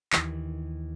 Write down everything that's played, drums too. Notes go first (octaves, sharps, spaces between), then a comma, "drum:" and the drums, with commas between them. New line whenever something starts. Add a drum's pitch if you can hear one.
D#2 D#3 E3, drum: clap